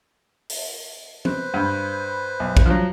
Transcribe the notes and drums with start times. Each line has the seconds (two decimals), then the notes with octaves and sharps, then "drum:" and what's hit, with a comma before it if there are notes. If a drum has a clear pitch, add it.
0.50 drum: open hi-hat
1.25 B4 C5, drum: tom
1.54 G2
2.40 B1
2.57 drum: kick
2.66 F3 F#3